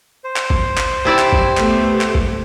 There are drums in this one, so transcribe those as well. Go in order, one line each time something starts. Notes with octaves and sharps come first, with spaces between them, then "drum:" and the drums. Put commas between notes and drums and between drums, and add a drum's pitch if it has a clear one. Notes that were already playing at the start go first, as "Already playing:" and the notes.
C5
drum: clap
drum: kick
drum: clap
C3 E4 D5
drum: clap
drum: kick
A3 B3 G4, drum: clap
drum: clap
drum: kick